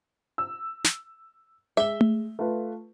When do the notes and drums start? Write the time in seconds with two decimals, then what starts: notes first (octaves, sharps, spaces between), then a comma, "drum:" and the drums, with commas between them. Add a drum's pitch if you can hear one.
0.38 E6
0.84 drum: snare
1.77 G#3 E5 G7
2.01 drum: tom A3
2.39 A3 F4 B4